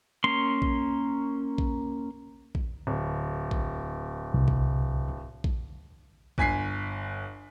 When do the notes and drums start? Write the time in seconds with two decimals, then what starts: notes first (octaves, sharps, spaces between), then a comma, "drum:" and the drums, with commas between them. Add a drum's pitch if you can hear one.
0.24 A#3 C#4 C6
0.62 drum: kick A#1
1.58 drum: kick A#1
2.55 drum: kick A#1
2.87 D1
3.51 drum: kick A#1
4.34 C2
4.48 drum: kick A#1
5.44 drum: kick A#1
6.38 G1 G#5 B6 C7, drum: kick A#1